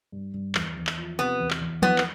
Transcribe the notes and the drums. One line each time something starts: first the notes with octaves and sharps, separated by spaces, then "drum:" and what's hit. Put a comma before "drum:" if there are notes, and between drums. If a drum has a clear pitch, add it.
G2
G2
E2, drum: clap
E2
drum: clap
F3
C3 B3
E2
drum: clap
E2
E3 B3, drum: tom F3
drum: clap